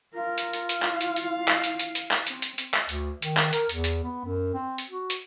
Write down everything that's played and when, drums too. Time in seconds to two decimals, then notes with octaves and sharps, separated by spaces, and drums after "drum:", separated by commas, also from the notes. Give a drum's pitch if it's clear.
0.14 F4 A#4
0.38 drum: hi-hat
0.53 drum: hi-hat
0.69 drum: hi-hat
0.82 E4 F5, drum: clap
1.01 drum: hi-hat
1.16 drum: hi-hat
1.48 drum: clap
1.64 drum: hi-hat
1.79 drum: hi-hat
1.95 drum: hi-hat
2.11 drum: clap
2.27 C4, drum: hi-hat
2.42 drum: hi-hat
2.58 drum: hi-hat
2.74 drum: clap
2.89 D2, drum: hi-hat
3.22 D#3, drum: hi-hat
3.37 drum: clap
3.53 A#4, drum: hi-hat
3.69 E2, drum: hi-hat
3.84 drum: hi-hat
4.03 B3
4.24 F#2
4.54 C4
4.78 drum: hi-hat
4.89 F#4
5.10 drum: hi-hat